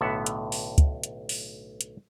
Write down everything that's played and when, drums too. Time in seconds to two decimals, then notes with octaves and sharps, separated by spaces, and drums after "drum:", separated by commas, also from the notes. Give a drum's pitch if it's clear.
0.01 B1 A2 D3 B3 E5 F#5
0.26 drum: hi-hat
0.52 drum: open hi-hat
0.78 drum: kick, hi-hat
1.03 drum: hi-hat
1.29 drum: open hi-hat
1.81 drum: hi-hat